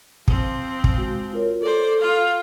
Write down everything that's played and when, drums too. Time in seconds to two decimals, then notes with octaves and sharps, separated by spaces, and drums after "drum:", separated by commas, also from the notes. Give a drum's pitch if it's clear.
0.28 F3 C4, drum: kick
0.84 drum: kick
0.97 G#3 F#4
1.32 F4 A#4 C#5
1.62 A4 C5 D5
2.00 F4 F5